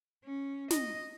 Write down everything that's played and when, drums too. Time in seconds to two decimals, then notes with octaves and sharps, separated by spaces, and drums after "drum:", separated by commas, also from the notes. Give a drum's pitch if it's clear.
0.24 C#4
0.70 D#5, drum: snare